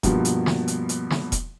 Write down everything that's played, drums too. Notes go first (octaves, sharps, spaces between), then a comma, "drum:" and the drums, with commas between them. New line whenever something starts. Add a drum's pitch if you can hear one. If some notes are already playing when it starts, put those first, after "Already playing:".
G2 B2 F3 A#3 B3, drum: kick E1, hi-hat
drum: hi-hat
drum: snare
drum: hi-hat
drum: hi-hat
drum: snare
drum: kick E1, hi-hat